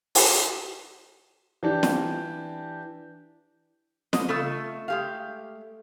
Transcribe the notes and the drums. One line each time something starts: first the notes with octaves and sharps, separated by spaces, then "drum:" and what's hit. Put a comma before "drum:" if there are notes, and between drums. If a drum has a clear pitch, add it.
drum: open hi-hat
E3 D4 G4
drum: snare
D#5, drum: snare
C#3 A3 F4 E6
G#3 G4 F5